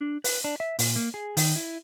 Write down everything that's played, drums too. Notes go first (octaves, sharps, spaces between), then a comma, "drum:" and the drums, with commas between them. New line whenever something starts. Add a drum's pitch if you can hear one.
D4
B4, drum: open hi-hat
D4
E5
A#2, drum: open hi-hat
A#3
G#4
D#3, drum: open hi-hat
E4